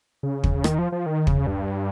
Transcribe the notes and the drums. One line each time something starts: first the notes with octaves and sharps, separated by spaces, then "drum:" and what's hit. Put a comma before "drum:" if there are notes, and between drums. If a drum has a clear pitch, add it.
C#3
drum: kick
D#3, drum: rim click
F3
F3
D#3
C#3, drum: kick
G2